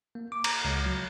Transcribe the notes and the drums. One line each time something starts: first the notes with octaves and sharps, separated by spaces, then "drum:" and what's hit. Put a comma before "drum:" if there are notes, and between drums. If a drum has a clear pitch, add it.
A#3
D6
A#5, drum: cymbal
C#2
F#3